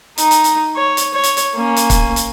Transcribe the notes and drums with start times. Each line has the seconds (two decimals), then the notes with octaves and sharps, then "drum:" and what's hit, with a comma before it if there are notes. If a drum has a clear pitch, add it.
0.18 D#4 A#5, drum: hi-hat
0.31 drum: hi-hat
0.44 drum: hi-hat
0.76 C#5
0.97 drum: hi-hat
1.14 C#5
1.23 drum: hi-hat
1.37 drum: hi-hat
1.54 A#3 C#4
1.76 drum: hi-hat
1.90 drum: kick, hi-hat
2.16 drum: hi-hat